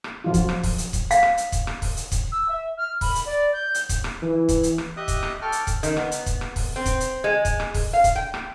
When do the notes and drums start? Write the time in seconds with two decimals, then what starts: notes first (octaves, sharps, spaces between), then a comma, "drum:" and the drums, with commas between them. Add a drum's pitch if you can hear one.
0.04 drum: rim click
0.24 F3 F#3 F4
0.34 drum: kick, hi-hat
0.49 drum: rim click
0.63 drum: kick, open hi-hat
0.78 drum: hi-hat
0.93 drum: kick, hi-hat
1.11 F5, drum: hi-hat
1.23 drum: rim click
1.38 drum: hi-hat
1.52 drum: kick, hi-hat
1.67 drum: rim click
1.82 drum: kick, open hi-hat
1.97 drum: hi-hat
2.12 drum: kick, hi-hat
2.32 E6
2.49 E5
2.77 F6
3.01 B5, drum: kick, open hi-hat
3.15 drum: hi-hat
3.26 D5
3.53 G6
3.75 drum: hi-hat
3.89 drum: kick, hi-hat
4.04 drum: rim click
4.22 E3
4.49 drum: kick, hi-hat
4.63 drum: hi-hat
4.78 drum: rim click
4.97 G4 D#5 E5 D#6 F#6
5.08 drum: kick, hi-hat
5.23 drum: rim click
5.42 A4 G5 A5 C#6 D6 F6
5.52 drum: hi-hat
5.67 drum: kick, hi-hat
5.83 D#3, drum: hi-hat
5.97 B3, drum: rim click
6.12 drum: hi-hat
6.26 drum: kick, hi-hat
6.41 drum: rim click
6.56 drum: kick, open hi-hat
6.76 C4
6.86 drum: kick, hi-hat
7.00 drum: hi-hat
7.24 G#3
7.45 drum: kick, hi-hat
7.60 drum: rim click
7.74 drum: kick, open hi-hat
7.93 F5
8.04 drum: kick, hi-hat
8.16 G5
8.34 drum: rim click